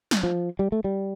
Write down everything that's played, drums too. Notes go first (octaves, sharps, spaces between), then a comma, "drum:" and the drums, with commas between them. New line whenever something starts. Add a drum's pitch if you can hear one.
drum: snare
F3
G3
A3
G3